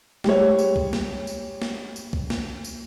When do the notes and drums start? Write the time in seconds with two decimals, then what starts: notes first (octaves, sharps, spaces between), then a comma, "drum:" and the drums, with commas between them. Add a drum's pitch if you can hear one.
0.24 G3 G#3 C#5, drum: snare
0.59 drum: tambourine
0.76 drum: kick C2
0.93 drum: snare
1.27 drum: tambourine
1.62 drum: snare
1.96 drum: tambourine
2.13 drum: kick C2
2.30 drum: snare
2.65 drum: tambourine